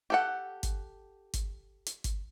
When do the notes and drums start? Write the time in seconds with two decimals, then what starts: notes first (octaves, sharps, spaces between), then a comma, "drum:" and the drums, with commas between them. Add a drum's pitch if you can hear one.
0.10 G4 A4 F#5
0.63 drum: kick G1, hi-hat
1.34 drum: kick G1, hi-hat
1.87 drum: hi-hat
2.04 drum: kick G1, hi-hat